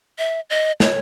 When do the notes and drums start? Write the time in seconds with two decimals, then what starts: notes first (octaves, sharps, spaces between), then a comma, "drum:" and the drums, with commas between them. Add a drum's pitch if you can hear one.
0.18 E5
0.50 D#5
0.80 C#5, drum: snare